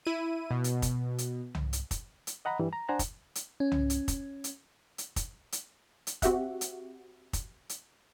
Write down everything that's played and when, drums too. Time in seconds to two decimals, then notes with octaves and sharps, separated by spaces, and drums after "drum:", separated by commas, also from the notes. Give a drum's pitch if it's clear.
0.05 E4 D#7
0.51 B2
0.64 drum: hi-hat
0.82 drum: kick, hi-hat
1.18 drum: hi-hat
1.55 drum: tom C2
1.73 drum: hi-hat
1.91 drum: kick, hi-hat
2.27 drum: hi-hat
2.45 D#5 F#5 A#5 B5
2.59 G2 E3 G3
2.73 A#5
2.89 D4 C5 D5 F#5 G#5 A#5
2.99 drum: kick, hi-hat
3.35 drum: hi-hat
3.60 C#4
3.72 drum: tom C2
3.90 drum: hi-hat
4.08 drum: kick, hi-hat
4.44 drum: hi-hat
4.98 drum: hi-hat
5.16 drum: kick, hi-hat
5.52 drum: hi-hat
6.07 drum: hi-hat
6.22 C4 F#4 G4 E5 F#5, drum: kick, hi-hat
6.61 drum: hi-hat
7.33 drum: kick, hi-hat
7.69 drum: hi-hat